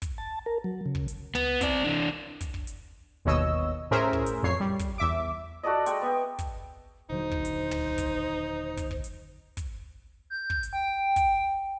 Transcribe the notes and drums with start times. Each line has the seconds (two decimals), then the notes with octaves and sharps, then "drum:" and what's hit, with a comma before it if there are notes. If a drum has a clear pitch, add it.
0.02 drum: kick, hi-hat
0.18 A5
0.46 A#4
0.64 F#3
0.86 C#3
0.95 drum: kick
1.08 drum: hi-hat
1.35 B3, drum: tom
1.61 C4 D5, drum: kick, hi-hat
1.85 E3 D4
2.41 drum: kick, hi-hat
2.54 drum: kick
2.67 drum: hi-hat
3.25 G1 D#2 B2 C#5 D#5 E6
3.91 A2 C#4 G#4 A#4 C5 E5
4.13 drum: kick
4.26 drum: hi-hat
4.43 A1 F2 C#5 C7
4.60 G3
4.79 drum: kick, hi-hat
4.98 E2 E5 D6
5.63 F#4 A4 D5 D#5
5.86 G#3 G5 C#6, drum: hi-hat
6.02 B3 E5 G5
6.39 drum: kick, hi-hat
7.10 D#1 D3 F#3 D#4 C5
7.31 drum: kick
7.45 drum: hi-hat
7.71 drum: tom
7.98 drum: kick, hi-hat
8.77 drum: kick, hi-hat
8.91 drum: kick
9.04 drum: hi-hat
9.57 drum: kick, hi-hat
10.30 G6
10.50 drum: kick
10.63 drum: hi-hat
10.73 G5
11.16 drum: kick, hi-hat